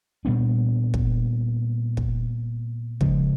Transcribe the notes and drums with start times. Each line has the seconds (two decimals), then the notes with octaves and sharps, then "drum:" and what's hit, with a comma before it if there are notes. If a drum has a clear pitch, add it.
0.25 A#2 G3 B3 D4
0.94 drum: kick
1.97 drum: kick
3.01 C#3 F3 G#3, drum: kick